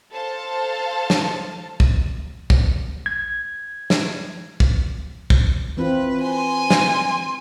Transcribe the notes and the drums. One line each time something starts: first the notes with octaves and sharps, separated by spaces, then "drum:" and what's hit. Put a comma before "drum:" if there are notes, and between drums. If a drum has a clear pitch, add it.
A4 C5 F5 A5
drum: snare
drum: kick
drum: kick
G#6
drum: snare
drum: kick
drum: kick
E3 C4 F4 B4
G#5 C6
drum: snare